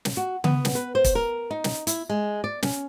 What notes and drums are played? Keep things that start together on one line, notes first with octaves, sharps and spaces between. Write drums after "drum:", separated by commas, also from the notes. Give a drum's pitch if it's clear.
drum: snare
F#4
B3, drum: tom C#3
drum: snare
B4
C5
drum: kick, hi-hat
A#4
D#4
drum: snare
E4, drum: hi-hat
G#3
D5
C#4, drum: snare